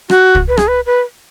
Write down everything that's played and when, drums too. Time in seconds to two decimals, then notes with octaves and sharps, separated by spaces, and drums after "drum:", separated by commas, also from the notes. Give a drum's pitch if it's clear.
0.10 F#4, drum: rim click
0.35 drum: kick
0.48 B4
0.57 G#4, drum: rim click
0.68 B4
0.86 B4